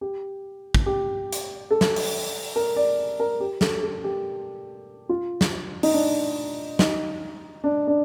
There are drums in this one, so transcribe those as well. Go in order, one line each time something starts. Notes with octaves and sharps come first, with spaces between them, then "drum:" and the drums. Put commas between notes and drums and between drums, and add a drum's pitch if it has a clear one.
G4
drum: kick
G4
drum: hi-hat
A4
drum: snare
drum: open hi-hat
A#4
D5
A#4
G4
A4, drum: snare
A4
G4
F4
drum: snare
D#4, drum: open hi-hat
D4
D#4, drum: snare
D4
D4